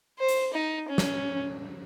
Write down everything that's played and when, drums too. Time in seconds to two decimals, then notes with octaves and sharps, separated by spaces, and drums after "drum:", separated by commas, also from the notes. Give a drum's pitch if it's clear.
0.18 C5
0.28 drum: hi-hat
0.53 D#4
0.89 C#4
0.98 drum: snare